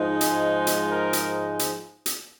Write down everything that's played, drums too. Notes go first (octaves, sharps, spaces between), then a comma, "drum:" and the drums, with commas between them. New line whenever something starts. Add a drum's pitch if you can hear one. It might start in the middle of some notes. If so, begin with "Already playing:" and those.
Already playing: G#2 F3 G#3 D#4
G#4, drum: hi-hat
drum: hi-hat
A#4
drum: hi-hat
drum: hi-hat
drum: hi-hat